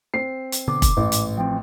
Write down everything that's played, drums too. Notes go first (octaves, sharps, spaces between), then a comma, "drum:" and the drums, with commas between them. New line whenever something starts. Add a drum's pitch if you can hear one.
C4 C7
drum: hi-hat
B2 D3 B3 D6
drum: kick, hi-hat
A1 G#2
drum: hi-hat
F3 C4 G5